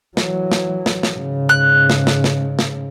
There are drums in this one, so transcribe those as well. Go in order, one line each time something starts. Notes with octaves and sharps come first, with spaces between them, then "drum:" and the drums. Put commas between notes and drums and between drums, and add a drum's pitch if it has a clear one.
E3 F#3, drum: snare
drum: snare
drum: snare
drum: snare
G#2 C#3
F#6
drum: snare
drum: snare
drum: snare
drum: snare